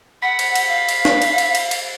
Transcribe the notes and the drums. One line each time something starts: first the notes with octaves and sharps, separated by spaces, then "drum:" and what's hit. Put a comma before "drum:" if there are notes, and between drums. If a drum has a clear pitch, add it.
F#5 B5
drum: cymbal
drum: cymbal
F5
drum: cymbal
drum: snare
drum: cymbal
drum: cymbal
drum: cymbal
drum: cymbal